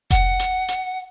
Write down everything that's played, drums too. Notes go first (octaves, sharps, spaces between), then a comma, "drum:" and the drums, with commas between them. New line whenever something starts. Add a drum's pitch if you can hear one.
F#5, drum: kick F1, hi-hat
drum: hi-hat
drum: hi-hat